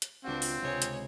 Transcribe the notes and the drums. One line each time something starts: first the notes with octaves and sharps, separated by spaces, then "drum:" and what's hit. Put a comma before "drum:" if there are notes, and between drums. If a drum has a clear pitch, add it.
drum: hi-hat
C#2 C4 D4 F#4 F#5
drum: open hi-hat
C#2 C3 G#3 C#5
drum: hi-hat